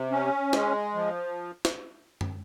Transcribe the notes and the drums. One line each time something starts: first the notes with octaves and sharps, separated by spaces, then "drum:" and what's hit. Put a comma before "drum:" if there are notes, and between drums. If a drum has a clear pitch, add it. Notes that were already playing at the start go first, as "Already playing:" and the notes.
Already playing: C3
C#4
G#3, drum: snare
F3
drum: snare
drum: tom F#2